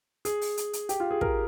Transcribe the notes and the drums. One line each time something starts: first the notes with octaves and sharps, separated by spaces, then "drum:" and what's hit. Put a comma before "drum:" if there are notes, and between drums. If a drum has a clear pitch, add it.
G#4, drum: hi-hat
drum: open hi-hat
drum: hi-hat
drum: hi-hat
G4, drum: hi-hat
F4
G#4
A#4, drum: kick